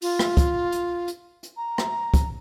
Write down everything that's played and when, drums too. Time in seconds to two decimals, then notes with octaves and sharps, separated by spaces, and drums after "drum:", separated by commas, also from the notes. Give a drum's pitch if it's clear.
0.02 F4, drum: open hi-hat
0.19 drum: rim click
0.37 drum: kick, hi-hat
0.72 drum: hi-hat
1.08 drum: hi-hat
1.43 drum: hi-hat
1.57 A#5
1.78 drum: rim click
2.14 drum: kick, hi-hat